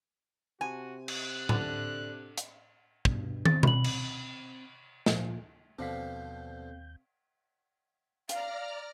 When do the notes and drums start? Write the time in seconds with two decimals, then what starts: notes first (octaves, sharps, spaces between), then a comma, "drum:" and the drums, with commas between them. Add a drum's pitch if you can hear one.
0.61 C3 F#4 G#5
1.08 F#6, drum: cymbal
1.49 D3, drum: tom A2
2.38 drum: hi-hat
3.05 G2 B2, drum: kick
3.45 C4 A6, drum: tom
3.63 B5 F#7, drum: tom B2
3.84 drum: cymbal
5.06 A#2 F3, drum: snare
5.79 D#2 B2 D3 F3 C4 F5 G6 B6
8.29 D5 F5 A#5 F6, drum: hi-hat